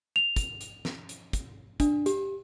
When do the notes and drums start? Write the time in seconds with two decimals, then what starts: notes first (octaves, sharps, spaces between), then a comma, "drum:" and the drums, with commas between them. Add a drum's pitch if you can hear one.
0.16 F7
0.36 drum: kick, hi-hat
0.61 drum: hi-hat
0.85 drum: snare
1.09 drum: hi-hat
1.33 drum: kick, hi-hat
1.80 D4, drum: kick, hi-hat
2.06 G4, drum: hi-hat